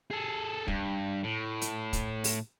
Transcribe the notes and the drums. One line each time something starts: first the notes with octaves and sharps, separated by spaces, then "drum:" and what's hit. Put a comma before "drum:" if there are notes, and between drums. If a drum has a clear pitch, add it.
G#4 A4
G2, drum: kick
A2
drum: hi-hat
drum: kick, hi-hat
drum: open hi-hat